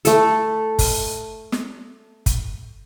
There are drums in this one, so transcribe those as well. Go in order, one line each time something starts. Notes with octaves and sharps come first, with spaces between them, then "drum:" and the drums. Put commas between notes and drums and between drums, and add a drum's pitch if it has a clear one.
A3 A4, drum: hi-hat
drum: kick, open hi-hat
drum: snare
drum: kick, hi-hat